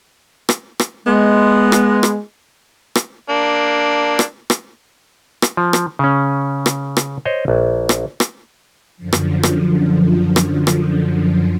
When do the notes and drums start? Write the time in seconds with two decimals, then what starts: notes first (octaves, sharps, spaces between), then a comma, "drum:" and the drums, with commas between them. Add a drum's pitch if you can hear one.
0.49 drum: rim click
0.79 drum: rim click
1.07 G#3 B3
1.72 drum: rim click
2.03 drum: rim click
2.95 drum: rim click
3.29 A#3 D4
4.19 drum: rim click
4.50 drum: rim click
5.42 drum: rim click
5.57 F3
5.73 drum: rim click
5.99 C#3 C#4
6.66 drum: rim click
6.97 drum: rim click
7.25 C5 C#5 D#5
7.48 A#1
7.89 drum: rim click
8.20 drum: rim click
8.97 F#2 D3 F3
9.13 drum: rim click
9.43 drum: rim click
10.36 drum: rim click
10.67 drum: rim click